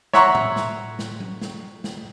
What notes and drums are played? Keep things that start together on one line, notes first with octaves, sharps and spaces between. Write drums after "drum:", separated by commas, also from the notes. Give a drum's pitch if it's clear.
C#5 E5 F#5 A#5 C6 C#6, drum: snare
drum: tom A2
drum: snare
drum: snare
drum: tom F#3
drum: snare
drum: snare